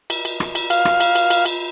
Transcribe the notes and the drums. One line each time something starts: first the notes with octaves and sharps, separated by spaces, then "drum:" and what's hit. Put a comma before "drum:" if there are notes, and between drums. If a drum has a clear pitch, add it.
drum: cymbal
drum: cymbal
drum: rim click
drum: cymbal
F5, drum: cymbal
drum: rim click
drum: cymbal
drum: cymbal
drum: cymbal
drum: cymbal